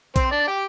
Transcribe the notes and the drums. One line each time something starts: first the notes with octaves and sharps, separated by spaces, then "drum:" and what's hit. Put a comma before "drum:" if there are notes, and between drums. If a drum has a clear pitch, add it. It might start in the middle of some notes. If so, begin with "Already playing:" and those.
C4 C5, drum: kick A#1, hi-hat
D4 D5
G4 G5